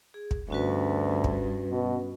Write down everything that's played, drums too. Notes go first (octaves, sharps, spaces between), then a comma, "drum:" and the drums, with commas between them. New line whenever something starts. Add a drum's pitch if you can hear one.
G#4
drum: kick
D2 G2 C#4 F#4 B4
drum: kick
B2